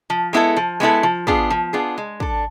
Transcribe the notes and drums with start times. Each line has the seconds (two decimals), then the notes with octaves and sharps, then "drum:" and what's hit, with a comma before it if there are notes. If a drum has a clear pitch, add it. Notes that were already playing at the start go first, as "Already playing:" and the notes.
0.10 F3
0.33 G#3 B3 E4 A4
0.57 F3
0.80 G#3 B3 E4 A4
1.03 F3
1.27 B3 D4 F4 G#4, drum: kick
1.50 F3
1.73 B3 D4 F4 G#4
1.98 G#3
2.20 D4 A4, drum: kick